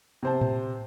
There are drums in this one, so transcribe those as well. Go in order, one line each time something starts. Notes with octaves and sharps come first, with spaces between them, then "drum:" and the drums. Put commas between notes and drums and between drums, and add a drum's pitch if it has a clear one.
C3 C5 A5
drum: tom A2